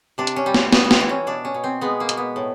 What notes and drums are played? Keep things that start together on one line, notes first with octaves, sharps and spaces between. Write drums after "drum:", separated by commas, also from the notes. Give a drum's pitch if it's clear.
C3 D4
drum: hi-hat
C#4
G3
C4, drum: snare
G3 B3, drum: snare
B3
C4, drum: snare
E3
C#4
B2 D4
C#4
B2
C4
G#3 B3
A#3
B2, drum: hi-hat
B3
A2